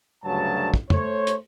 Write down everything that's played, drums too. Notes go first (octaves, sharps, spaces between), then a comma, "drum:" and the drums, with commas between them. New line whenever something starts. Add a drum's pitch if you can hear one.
D2 G2 C#3 F#3 A5
drum: kick
A3 A4 C5 C#5, drum: tom
drum: hi-hat